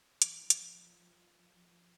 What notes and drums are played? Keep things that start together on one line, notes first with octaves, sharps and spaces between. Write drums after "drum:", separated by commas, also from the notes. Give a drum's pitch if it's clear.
E3, drum: hi-hat
F3, drum: hi-hat